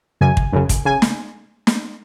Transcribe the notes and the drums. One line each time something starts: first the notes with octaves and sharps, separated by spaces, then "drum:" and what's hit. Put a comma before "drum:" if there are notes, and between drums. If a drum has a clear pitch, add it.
F#2 C#3 G#5
drum: kick
F#2 C#3
drum: kick, hi-hat
C#3 G#5
drum: snare
drum: snare